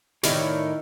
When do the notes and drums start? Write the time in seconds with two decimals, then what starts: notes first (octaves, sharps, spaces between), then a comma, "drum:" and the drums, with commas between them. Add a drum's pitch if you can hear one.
0.23 A2 D#3 E4 C#5 D5, drum: snare